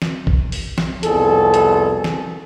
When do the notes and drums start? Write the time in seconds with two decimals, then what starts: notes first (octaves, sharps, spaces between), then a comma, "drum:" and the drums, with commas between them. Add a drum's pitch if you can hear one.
0.02 drum: snare
0.27 drum: kick A#1
0.52 drum: open hi-hat
0.78 drum: snare
1.03 C2 F2 B2 G#4 A4, drum: hi-hat
1.54 drum: hi-hat
2.04 drum: snare